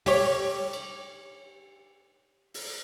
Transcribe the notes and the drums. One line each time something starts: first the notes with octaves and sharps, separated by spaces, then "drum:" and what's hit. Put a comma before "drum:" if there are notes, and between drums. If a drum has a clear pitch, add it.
G4 C#5, drum: open hi-hat
drum: cymbal
drum: open hi-hat